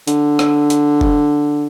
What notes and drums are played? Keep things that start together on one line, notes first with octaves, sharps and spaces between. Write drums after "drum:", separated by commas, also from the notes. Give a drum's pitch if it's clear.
D3, drum: hi-hat
drum: rim click
drum: hi-hat
drum: kick F1